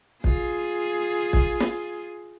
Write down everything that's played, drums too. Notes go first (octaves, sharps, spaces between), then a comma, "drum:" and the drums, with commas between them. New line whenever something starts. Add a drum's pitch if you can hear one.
F4 G#4, drum: kick
drum: kick
drum: snare